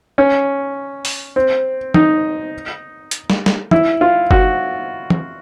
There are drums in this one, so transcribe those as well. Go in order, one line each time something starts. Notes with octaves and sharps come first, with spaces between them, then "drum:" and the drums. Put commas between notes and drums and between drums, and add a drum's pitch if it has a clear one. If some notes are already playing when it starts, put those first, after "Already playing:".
C#4
drum: open hi-hat
C4
D#4, drum: tom E3
drum: hi-hat
drum: snare
drum: snare
E4, drum: tom E3
F4
F#4, drum: kick F#1
drum: tom E3